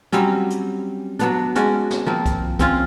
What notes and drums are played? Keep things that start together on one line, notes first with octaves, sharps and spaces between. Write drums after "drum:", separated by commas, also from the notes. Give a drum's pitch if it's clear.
F#3 G3 C4 C#4, drum: hi-hat
drum: hi-hat
F#3 B3 D4, drum: hi-hat
G#3 C#4 F#4 D5, drum: hi-hat
drum: snare
F3 A#3 C4
drum: kick B1, hi-hat
C4 C#4 F4, drum: kick B1, hi-hat